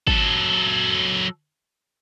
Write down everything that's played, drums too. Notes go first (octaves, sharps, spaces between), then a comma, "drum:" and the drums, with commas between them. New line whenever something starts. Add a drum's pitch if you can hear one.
F#3 A4, drum: kick G#1